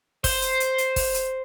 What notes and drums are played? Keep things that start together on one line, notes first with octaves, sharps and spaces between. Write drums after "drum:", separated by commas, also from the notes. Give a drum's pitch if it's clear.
C5, drum: kick, open hi-hat
drum: hi-hat
drum: hi-hat
drum: hi-hat
drum: kick, open hi-hat
drum: hi-hat